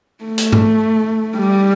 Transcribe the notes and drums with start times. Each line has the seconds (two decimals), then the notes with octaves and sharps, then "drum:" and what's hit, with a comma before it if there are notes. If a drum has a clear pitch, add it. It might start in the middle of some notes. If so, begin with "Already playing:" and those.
0.24 A3
0.38 drum: hi-hat
0.52 drum: tom G#2
1.35 G3